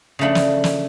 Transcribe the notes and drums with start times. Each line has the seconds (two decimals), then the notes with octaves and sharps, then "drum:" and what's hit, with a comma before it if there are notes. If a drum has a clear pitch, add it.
0.19 C#3 F3 A3 D4 B5
0.35 drum: snare
0.64 drum: snare